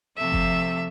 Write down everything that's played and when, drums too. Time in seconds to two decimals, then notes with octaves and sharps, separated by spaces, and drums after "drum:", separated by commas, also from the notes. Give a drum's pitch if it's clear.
0.18 C3 F3 A3 E5
0.32 drum: kick F#1